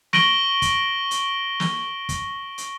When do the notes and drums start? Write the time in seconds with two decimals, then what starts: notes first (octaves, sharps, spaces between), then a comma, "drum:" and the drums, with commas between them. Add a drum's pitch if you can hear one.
0.13 C#6 A#6 D7 D#7 F#7 G7, drum: snare
0.62 drum: kick, hi-hat
1.11 drum: hi-hat
1.60 drum: snare
2.09 drum: kick, hi-hat
2.58 drum: hi-hat